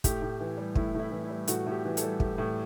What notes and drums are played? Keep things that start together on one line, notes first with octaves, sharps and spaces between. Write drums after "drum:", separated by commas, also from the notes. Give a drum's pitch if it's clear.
A2 G4, drum: kick, hi-hat
A2
E3
G3
A2 E4, drum: kick
A2 E4
E3
E4
G3
A2 F#4, drum: hi-hat
A2
G4
E3
A4, drum: hi-hat
G3
A2 G4, drum: kick
A2